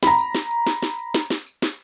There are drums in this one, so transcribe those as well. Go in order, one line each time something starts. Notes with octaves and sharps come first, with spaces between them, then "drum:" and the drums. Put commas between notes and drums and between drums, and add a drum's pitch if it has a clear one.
A#5 B5, drum: snare
drum: tambourine
drum: snare
drum: tambourine
drum: snare
drum: snare
drum: tambourine
drum: snare
drum: snare
drum: tambourine
drum: snare